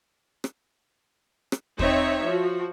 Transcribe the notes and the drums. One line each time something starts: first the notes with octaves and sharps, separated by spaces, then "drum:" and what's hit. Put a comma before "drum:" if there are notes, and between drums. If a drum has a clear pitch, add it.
drum: rim click
drum: rim click
C4 D#4 C#5 E5, drum: kick
F3 F#4